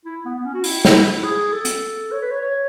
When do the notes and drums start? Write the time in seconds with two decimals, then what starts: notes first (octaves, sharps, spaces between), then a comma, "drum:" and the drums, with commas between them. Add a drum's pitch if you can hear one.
0.05 E4
0.25 B3
0.35 B3
0.45 C#4
0.54 F#4
0.64 E4, drum: open hi-hat
0.85 drum: snare
1.24 G#4
1.53 A4
1.65 drum: hi-hat
2.12 C#5
2.22 B4
2.31 C#5
2.42 C#5